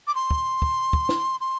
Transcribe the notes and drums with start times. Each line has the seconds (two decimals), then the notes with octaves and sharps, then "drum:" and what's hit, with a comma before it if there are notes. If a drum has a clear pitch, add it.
0.07 D6
0.15 C6
0.31 drum: kick
0.62 drum: kick
0.93 drum: kick
1.09 drum: snare
1.40 C6